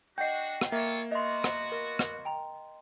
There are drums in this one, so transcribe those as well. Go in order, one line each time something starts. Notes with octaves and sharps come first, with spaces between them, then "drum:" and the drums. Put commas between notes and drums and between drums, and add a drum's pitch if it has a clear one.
D4 F#4 D#5 F#5 G5 G6 C7
drum: rim click
A#3 F4 A4 C#5 E5
B3 F#4 D#5 E5 C6
drum: rim click
A#4
drum: rim click
G5 A#5